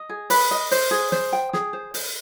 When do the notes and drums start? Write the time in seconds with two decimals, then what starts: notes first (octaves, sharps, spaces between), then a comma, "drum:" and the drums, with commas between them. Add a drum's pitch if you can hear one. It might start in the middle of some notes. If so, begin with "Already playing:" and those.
Already playing: D#5
0.09 G#4
0.30 B4, drum: open hi-hat
0.51 D#5
0.71 C5, drum: open hi-hat
0.91 G#4
1.12 C5, drum: snare
1.33 G5
1.53 G#4, drum: snare
1.73 C5
1.94 C5, drum: open hi-hat